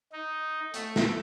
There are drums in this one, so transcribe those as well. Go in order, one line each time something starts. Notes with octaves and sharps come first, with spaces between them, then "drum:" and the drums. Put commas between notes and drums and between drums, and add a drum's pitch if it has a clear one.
D#4
A3, drum: hi-hat
drum: snare